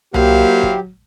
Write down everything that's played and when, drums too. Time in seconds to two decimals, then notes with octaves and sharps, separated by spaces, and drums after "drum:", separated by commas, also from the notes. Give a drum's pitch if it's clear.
0.14 F#3 A#3 E4 G4 C5 F5, drum: tom C2
0.63 drum: kick